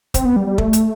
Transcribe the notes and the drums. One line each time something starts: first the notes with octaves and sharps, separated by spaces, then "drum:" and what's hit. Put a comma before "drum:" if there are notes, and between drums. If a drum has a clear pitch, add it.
C4, drum: kick, hi-hat
B3
G3
G3
A3, drum: kick
drum: hi-hat